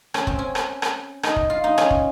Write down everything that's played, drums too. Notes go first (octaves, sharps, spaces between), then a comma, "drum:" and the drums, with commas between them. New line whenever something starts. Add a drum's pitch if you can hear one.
C#4, drum: rim click
C4, drum: kick
C#4
drum: rim click
drum: rim click
D#4, drum: rim click
drum: kick
F4
D#4
C#4, drum: rim click
drum: kick